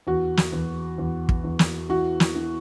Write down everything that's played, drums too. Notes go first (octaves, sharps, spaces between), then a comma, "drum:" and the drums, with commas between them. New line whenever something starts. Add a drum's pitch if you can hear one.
E2 F#4
drum: snare
E2
E2
drum: kick
E2
drum: snare
E3 F#4
drum: snare
E3